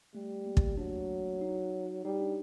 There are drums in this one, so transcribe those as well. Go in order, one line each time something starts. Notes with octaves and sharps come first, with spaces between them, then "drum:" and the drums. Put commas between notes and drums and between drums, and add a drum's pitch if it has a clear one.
G3 A3
A#3
drum: kick
F#3 D4
D#4
G3 D#4
D4